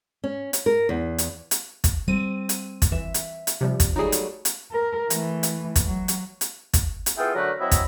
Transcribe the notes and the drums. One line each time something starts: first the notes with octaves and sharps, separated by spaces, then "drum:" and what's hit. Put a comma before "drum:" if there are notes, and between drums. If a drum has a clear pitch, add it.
C#4
drum: hi-hat
A#4
E2
drum: hi-hat
drum: hi-hat
drum: kick, hi-hat
G3 C4 D#7
drum: hi-hat
drum: kick, hi-hat
E3 E5
drum: hi-hat
drum: hi-hat
C3 F3 G3
drum: kick, hi-hat
F#3 G3 A3 D#4 G#4
drum: hi-hat
drum: hi-hat
A#4
E3 A3, drum: hi-hat
drum: hi-hat
drum: kick, hi-hat
F#3
drum: hi-hat
drum: hi-hat
drum: kick, hi-hat
drum: hi-hat
B3 E4 F4 G#4 A4 G5
D3 F#3 A3 C#4 A#4 B4
F#3 C4 E4 B4 D#5 E5
drum: kick, hi-hat